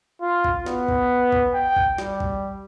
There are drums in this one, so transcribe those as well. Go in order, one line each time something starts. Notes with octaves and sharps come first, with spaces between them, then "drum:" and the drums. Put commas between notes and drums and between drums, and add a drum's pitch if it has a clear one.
F4
drum: kick
B3, drum: snare
drum: kick
drum: kick
G5
drum: kick
G3, drum: snare
drum: kick